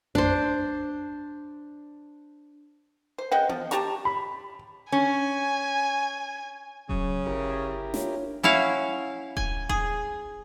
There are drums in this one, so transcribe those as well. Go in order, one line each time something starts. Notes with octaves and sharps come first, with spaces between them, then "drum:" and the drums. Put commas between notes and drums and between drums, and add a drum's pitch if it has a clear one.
D4 C5, drum: tom F2
C5
C#3 D#5 F#5 G5
F3, drum: tom B3
G4 A5 A#5 C#6, drum: hi-hat
B5
C#4 G#5
C#3 F#3, drum: kick D#1
G1 E4 G4 A#4
D4 F4 C#5, drum: snare
C#4 E4 F#4 F5
G#5, drum: kick D#1
G#4, drum: kick D#1